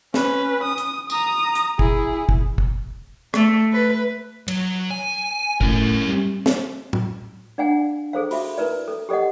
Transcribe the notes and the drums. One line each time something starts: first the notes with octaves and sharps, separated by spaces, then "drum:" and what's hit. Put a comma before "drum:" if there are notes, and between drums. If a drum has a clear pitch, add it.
C#4 B4, drum: snare
D#6
drum: hi-hat
A#5 D#6, drum: tambourine
drum: hi-hat
E4 G#4, drum: kick
drum: kick
drum: kick
A3, drum: rim click
B4
F#3, drum: cymbal
G#5
A2 C#4 A#4, drum: kick
G3
drum: snare
drum: tom A2
D4 D5 F5 F#5 G#5
G#4 A4 C5 F5
F4 F#4 E5, drum: open hi-hat
E4 A#4 B4 D5
A4
G4 A4 D5 D#5 F#5